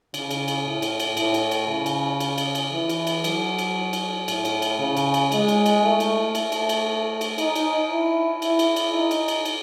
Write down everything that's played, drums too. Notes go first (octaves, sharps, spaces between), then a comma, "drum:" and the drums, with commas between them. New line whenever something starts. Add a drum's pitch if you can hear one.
C#3, drum: cymbal
drum: cymbal
drum: cymbal
A2
drum: cymbal
drum: cymbal
A2, drum: cymbal
drum: cymbal
drum: cymbal
C#3
drum: cymbal
drum: cymbal
drum: cymbal
drum: cymbal
E3
drum: cymbal
drum: cymbal
F#3, drum: cymbal
drum: cymbal
drum: cymbal
A2, drum: cymbal
drum: cymbal
drum: cymbal
C#3
drum: cymbal
drum: cymbal
G#3, drum: cymbal
drum: cymbal
drum: cymbal
A3
drum: cymbal
A3, drum: cymbal
drum: cymbal
drum: cymbal
drum: cymbal
D#4, drum: cymbal
drum: cymbal
E4
E4, drum: cymbal
drum: cymbal
drum: cymbal
D#4
drum: cymbal
drum: cymbal
drum: cymbal